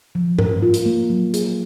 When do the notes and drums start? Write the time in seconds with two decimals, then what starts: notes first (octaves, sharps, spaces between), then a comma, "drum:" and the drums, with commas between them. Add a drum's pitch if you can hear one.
0.15 F3
0.39 A#4, drum: tom G2
0.62 F4
0.74 drum: hi-hat
0.86 A#3
1.10 F#3
1.34 G#4, drum: hi-hat